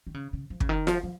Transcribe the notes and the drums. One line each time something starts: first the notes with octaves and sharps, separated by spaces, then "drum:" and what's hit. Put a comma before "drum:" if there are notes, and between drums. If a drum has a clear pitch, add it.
D#3
C#3
C#3
F3
C#3, drum: kick
D#3
F3, drum: snare F4
F3